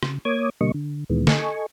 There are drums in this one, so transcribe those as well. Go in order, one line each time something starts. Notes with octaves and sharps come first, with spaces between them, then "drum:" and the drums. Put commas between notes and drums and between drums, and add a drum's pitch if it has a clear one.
C#3, drum: rim click
A#3 C#5 D6 D#6 G#6
B2 D3 G3 A#3 D#5 C#6
D3
D2 A#2 D#3 E3 G#3 B3
A4 D#5 G#5 C#6, drum: snare